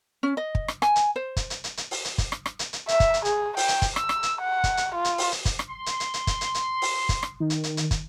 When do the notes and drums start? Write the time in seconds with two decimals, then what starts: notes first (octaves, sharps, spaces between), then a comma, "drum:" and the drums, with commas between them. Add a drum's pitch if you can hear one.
0.23 C#4
0.37 D#5
0.55 drum: kick
0.68 drum: rim click
0.82 G#5, drum: rim click
0.96 drum: hi-hat
1.16 C5
1.37 drum: kick, hi-hat
1.50 drum: hi-hat
1.64 drum: hi-hat
1.77 drum: hi-hat
1.91 drum: open hi-hat
2.05 drum: hi-hat
2.18 drum: kick, hi-hat
2.32 drum: rim click
2.46 drum: rim click
2.59 drum: hi-hat
2.73 drum: hi-hat
2.88 E5, drum: hi-hat
3.00 drum: kick, hi-hat
3.14 drum: hi-hat
3.25 G#4, drum: hi-hat
3.57 G5, drum: open hi-hat
3.68 drum: hi-hat
3.82 drum: kick, hi-hat
3.96 E6, drum: rim click
4.09 drum: rim click
4.23 drum: hi-hat
4.41 F#5
4.64 drum: kick, hi-hat
4.77 drum: hi-hat
4.94 F4
5.05 drum: hi-hat
5.18 drum: open hi-hat
5.32 drum: hi-hat
5.45 drum: kick, hi-hat
5.59 drum: rim click
5.69 C6
5.86 drum: hi-hat
6.00 drum: hi-hat
6.14 drum: hi-hat
6.27 drum: kick, hi-hat
6.41 drum: hi-hat
6.54 drum: hi-hat
6.82 drum: open hi-hat
7.09 drum: kick, hi-hat
7.23 drum: rim click
7.40 D#3
7.50 drum: hi-hat
7.64 drum: hi-hat
7.77 drum: hi-hat
7.91 drum: kick, hi-hat